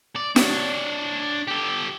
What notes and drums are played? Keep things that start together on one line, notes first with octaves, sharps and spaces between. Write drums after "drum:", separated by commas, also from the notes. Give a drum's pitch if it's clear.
D5
D4 C#5, drum: snare
G4 A4